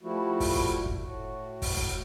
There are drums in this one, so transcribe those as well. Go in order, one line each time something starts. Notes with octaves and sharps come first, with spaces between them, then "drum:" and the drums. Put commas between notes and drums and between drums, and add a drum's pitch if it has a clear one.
F3 G3 A3 E4 F#4
drum: kick, open hi-hat
drum: kick
drum: kick
A2 F#4
drum: kick, open hi-hat
drum: kick